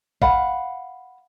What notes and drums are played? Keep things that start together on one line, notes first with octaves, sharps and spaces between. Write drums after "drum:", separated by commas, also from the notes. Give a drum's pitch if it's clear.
F5 F#5 B5, drum: kick